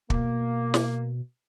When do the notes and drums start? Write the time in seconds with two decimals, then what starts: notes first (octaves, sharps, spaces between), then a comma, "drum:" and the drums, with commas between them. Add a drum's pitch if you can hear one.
0.10 B2 A#3, drum: kick
0.74 drum: snare